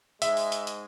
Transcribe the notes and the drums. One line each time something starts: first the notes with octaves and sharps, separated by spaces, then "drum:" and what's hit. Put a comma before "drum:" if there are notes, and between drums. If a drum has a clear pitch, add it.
G#2 G#3 E5, drum: hi-hat
drum: open hi-hat
drum: hi-hat
drum: hi-hat